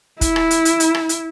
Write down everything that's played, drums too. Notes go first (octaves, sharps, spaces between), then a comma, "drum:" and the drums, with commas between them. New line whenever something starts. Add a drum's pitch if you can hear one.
E4, drum: kick, hi-hat
drum: rim click
drum: hi-hat
drum: hi-hat
drum: hi-hat
drum: rim click
drum: hi-hat